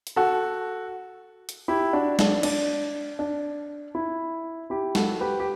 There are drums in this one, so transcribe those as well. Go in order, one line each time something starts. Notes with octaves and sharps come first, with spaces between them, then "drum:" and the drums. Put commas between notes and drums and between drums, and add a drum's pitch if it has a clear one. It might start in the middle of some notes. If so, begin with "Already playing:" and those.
drum: hi-hat
F#4 A4
drum: hi-hat
E4 G4
D4 F#4
D4, drum: snare
D4, drum: cymbal
D4
E4
E4 G4
F#4 A4, drum: snare
G4 B4
G4